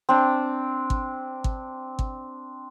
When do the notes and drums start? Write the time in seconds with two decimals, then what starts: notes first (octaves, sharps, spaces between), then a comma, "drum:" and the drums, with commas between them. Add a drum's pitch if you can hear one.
0.09 C4 D4
0.90 drum: kick
1.44 drum: kick
1.99 drum: kick